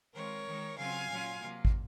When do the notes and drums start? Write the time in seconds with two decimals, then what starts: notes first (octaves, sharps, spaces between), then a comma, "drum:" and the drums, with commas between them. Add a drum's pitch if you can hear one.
0.14 D#3 G#3 C4 F4 A#4 C#5
0.46 D#3 G#3 D#4
0.77 C#3 F#3 C4 F4 F5 G#5
1.09 A#2 F#3 C#4 F4
1.41 C3 F#3 A#3 F4
1.65 drum: kick